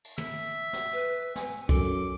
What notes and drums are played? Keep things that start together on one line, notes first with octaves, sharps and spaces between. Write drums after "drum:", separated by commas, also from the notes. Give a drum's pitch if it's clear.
drum: cymbal
E5, drum: tom
drum: snare
B4
G#5, drum: snare
F#2 A4 D6, drum: kick